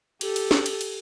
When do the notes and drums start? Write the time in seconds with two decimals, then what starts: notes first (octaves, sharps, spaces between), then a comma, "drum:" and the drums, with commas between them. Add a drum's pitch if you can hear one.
0.21 G4 A4, drum: cymbal
0.36 drum: cymbal
0.51 drum: snare
0.66 drum: cymbal
0.81 drum: cymbal